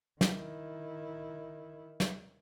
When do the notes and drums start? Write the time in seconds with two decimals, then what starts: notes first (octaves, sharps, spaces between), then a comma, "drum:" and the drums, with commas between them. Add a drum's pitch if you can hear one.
0.21 D#3 E4, drum: snare
2.00 drum: snare